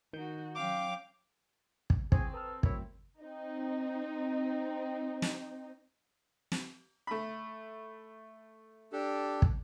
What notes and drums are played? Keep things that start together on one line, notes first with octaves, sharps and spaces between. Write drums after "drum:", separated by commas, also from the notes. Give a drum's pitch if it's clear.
D#3 D#4 F#4 G6
F#3 C#4 F5 G5 D6
drum: kick
D2 E3 C4 G#4 C#6, drum: kick
A4 B4 A#5 D#6 F6
F2 F#3 A3 E4 A#4 C#5, drum: kick
C4 D#4
drum: snare
drum: snare
A3 B5
D4 G4 A4
drum: kick